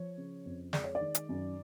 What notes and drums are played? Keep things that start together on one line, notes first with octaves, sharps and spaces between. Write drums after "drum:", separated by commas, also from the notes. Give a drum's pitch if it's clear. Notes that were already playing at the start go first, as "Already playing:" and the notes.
Already playing: F3 C#5
C#3
F2
G#3 D5, drum: snare
C#5
D5
D#3
drum: hi-hat
F#2